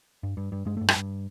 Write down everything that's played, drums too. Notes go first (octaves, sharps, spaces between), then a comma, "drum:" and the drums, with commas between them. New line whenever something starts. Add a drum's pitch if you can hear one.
G2
G2
G2
G2 G#3
G2 A3
G3, drum: rim click
G2